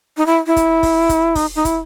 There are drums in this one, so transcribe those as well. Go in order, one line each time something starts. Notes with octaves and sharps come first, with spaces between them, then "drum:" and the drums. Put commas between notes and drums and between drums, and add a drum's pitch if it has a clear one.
D#4
E4
E4
drum: kick, hi-hat
drum: kick, open hi-hat
drum: kick, hi-hat
D#4, drum: kick, open hi-hat
D#4
E4, drum: kick, hi-hat